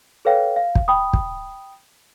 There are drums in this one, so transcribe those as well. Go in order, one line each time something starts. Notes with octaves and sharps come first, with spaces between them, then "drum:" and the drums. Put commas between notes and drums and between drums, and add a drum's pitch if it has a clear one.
A4 B4 C#5 F5 G5
F5
drum: kick
G5 B5 D#6
drum: kick